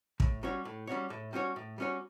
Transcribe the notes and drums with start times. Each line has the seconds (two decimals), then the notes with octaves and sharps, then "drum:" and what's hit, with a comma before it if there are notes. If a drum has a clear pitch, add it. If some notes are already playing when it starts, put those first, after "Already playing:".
0.20 A2, drum: kick
0.43 G3 C#4 F#4 C#5
0.65 A2
0.87 G3 C#4 F#4 C#5
1.10 A2
1.33 G3 C#4 F#4 C#5
1.56 A2
1.78 G3 C#4 F#4 C#5